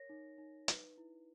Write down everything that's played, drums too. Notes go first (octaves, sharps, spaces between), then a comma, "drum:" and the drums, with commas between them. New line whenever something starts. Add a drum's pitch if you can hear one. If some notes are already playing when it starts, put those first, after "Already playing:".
Already playing: A#4 C#5 A#6
D#4
D#4
B4, drum: hi-hat
E4